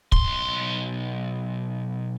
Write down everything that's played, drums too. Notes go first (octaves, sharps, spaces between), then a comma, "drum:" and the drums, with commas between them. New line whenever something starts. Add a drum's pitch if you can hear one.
B1 C6, drum: kick